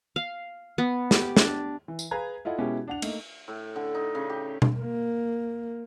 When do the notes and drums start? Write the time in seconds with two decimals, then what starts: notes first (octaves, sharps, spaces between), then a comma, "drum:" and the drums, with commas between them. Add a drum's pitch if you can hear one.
0.16 F5
0.78 B3
1.11 G4, drum: snare
1.37 D4, drum: snare
1.88 E3
1.99 drum: tambourine
2.11 G#4 B4 F5 G#5 A#5 G#6
2.45 E4 F4 A4 D#5 F#5
2.58 B2 G#3 B3 C#4 E4 G4
2.88 D4 F#5 F7
3.02 A3 A#3 D#4, drum: cymbal
3.48 A2
3.76 D3
3.95 D#4
4.15 C#3
4.30 G4
4.62 drum: tom B2
4.80 A#3